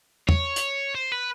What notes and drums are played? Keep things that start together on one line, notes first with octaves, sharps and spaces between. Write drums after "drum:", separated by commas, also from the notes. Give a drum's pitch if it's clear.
C#5, drum: tom
drum: hi-hat
C5
B4